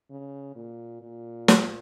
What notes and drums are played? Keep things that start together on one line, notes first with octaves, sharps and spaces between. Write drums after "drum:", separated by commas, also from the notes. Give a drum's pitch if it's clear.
C#3
A#2
A#2
drum: snare